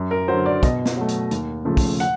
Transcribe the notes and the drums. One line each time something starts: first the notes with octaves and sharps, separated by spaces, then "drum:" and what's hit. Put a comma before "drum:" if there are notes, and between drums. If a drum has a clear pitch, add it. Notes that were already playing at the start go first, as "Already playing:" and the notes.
Already playing: F#2
A#4
D3 F#3 C5
D5
B2 D#5, drum: kick, hi-hat
drum: snare
F#3 A3
drum: hi-hat
D#2, drum: hi-hat
C#3 F3 A3
drum: kick, open hi-hat
F#5, drum: hi-hat